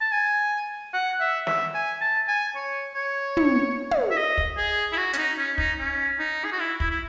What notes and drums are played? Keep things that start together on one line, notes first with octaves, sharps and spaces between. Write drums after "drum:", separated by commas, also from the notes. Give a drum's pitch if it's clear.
A5
G#5
F#5
E5
E5, drum: snare
G#5
A5
G#5
C#5
C#5
drum: tom
drum: tom
E5
D#5
drum: kick
G#4
E4
F#4
C#4, drum: hi-hat
D#4
C#4
D#4, drum: kick
C#4
D#4
G#4
F#4
E4
E4, drum: kick
E4